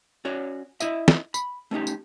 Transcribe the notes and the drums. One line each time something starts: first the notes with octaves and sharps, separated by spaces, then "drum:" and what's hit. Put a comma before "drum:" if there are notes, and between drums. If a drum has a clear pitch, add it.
C#4 F#4 C#5 D5
E4 D#5 E5, drum: tambourine
drum: snare
B5, drum: tambourine
A3 C#4 D#4 G4
drum: tambourine